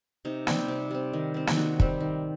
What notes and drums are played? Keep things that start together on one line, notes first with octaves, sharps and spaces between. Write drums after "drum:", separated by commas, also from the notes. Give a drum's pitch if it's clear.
C3 D#4
G3 C4, drum: snare
C3
G3 C4
D#3
G3 C4
drum: snare
D#3 F#4
G3 C4, drum: kick
D#3